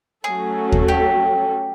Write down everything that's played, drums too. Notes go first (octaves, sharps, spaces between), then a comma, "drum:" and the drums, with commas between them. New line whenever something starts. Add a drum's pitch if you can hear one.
F#3 A3 C#4 F#4 G#4 A4
drum: kick D#2
G4